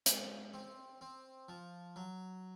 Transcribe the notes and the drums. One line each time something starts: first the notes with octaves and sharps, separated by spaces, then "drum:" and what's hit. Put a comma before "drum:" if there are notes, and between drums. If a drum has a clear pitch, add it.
G#2, drum: hi-hat
C4
C4
F3
F#3